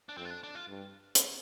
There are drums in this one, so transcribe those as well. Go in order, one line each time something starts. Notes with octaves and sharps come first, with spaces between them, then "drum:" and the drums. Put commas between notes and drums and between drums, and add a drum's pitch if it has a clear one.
D4
F2 C4
F4
D4
D4
F4
G2
drum: hi-hat